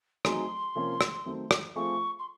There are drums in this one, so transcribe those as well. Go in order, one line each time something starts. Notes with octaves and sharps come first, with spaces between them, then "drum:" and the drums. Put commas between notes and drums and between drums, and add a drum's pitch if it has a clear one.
F#3 A3 C4 D#4 G#4 C6, drum: rim click
C3 F3 A#3 C#4
drum: rim click
D#3 F#3 A3 C4
drum: rim click
F3 A3 C4 F4 G#4 C#6
C6